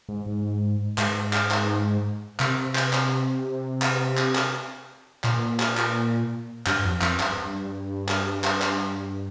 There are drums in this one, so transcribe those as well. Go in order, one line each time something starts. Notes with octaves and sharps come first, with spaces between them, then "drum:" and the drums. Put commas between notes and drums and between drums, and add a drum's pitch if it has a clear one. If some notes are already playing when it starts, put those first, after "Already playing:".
G#2
G#2
G#2, drum: clap
drum: clap
drum: clap
C3, drum: clap
drum: clap
drum: clap
drum: clap
drum: clap
drum: clap
A#2, drum: clap
drum: clap
drum: clap
G2, drum: clap
F2
F2, drum: clap
G2, drum: clap
G2
drum: clap
drum: clap
drum: clap